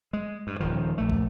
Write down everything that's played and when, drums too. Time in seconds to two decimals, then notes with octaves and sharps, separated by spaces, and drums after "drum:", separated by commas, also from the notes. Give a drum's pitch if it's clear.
0.13 G#3
0.47 G2
0.60 D#1 D#3 F3
0.98 A#1 A3
1.10 drum: kick